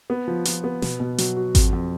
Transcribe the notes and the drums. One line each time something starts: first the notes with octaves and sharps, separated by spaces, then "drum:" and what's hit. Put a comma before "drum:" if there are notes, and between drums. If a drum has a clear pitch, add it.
B3
F3
F3, drum: hi-hat
B3
B2, drum: snare
B2
F#3, drum: hi-hat
F#4
F2, drum: kick G#1, hi-hat
F2